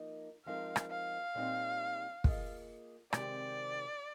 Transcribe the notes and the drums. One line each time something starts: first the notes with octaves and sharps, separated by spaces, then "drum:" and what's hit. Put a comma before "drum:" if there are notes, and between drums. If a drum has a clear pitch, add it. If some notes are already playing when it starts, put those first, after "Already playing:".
Already playing: F3 A#3 D#4 A#4 D#5
F3 G#3 C4 D#4 A#4 F5
drum: rim click
F5
A#2 G3 C4 D#4
A#3 F4 G#4 D#5, drum: kick
C3 D#3 G#3 C4 G4 D5, drum: rim click